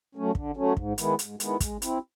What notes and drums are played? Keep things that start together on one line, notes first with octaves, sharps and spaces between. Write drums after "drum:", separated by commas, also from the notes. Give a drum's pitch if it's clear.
F#3 A3 C#4
D3, drum: kick
F#3 A3 C#4
G#2, drum: kick
D#3 G#3 B3 E4, drum: hi-hat
G#2, drum: hi-hat
D#3 G#3 B3 E4, drum: hi-hat
G#3, drum: kick, hi-hat
C4 E4, drum: hi-hat